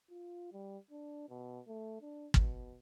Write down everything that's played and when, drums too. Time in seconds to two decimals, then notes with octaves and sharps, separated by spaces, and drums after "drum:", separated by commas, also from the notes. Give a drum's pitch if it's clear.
0.10 F4
0.53 G3
0.91 D4
1.29 B2
1.68 A3
2.02 D4
2.34 B2, drum: kick